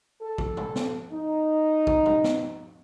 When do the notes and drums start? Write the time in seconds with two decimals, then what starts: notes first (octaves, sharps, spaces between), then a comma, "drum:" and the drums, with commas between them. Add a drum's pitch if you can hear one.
0.22 A4
0.38 drum: kick
0.57 drum: tom A#2
0.76 drum: snare
1.13 D#4
1.87 drum: kick
2.06 drum: tom A#2
2.24 drum: snare